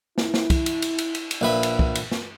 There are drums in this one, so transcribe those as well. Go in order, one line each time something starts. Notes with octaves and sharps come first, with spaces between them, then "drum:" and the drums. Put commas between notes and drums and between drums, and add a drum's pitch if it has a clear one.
E4, drum: snare
drum: snare
drum: kick, cymbal
drum: cymbal
drum: cymbal
drum: cymbal
drum: cymbal
drum: cymbal
A#1 B4 E5
drum: cymbal
drum: kick
drum: cymbal
drum: snare